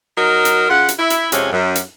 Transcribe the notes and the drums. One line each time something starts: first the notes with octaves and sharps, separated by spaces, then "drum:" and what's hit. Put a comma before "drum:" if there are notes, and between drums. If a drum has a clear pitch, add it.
F#3 D#4 A#4
drum: hi-hat
C#3 F4 F#5
drum: hi-hat
E4
drum: hi-hat
F2 C3 G#3 C#4, drum: hi-hat
F#2
drum: hi-hat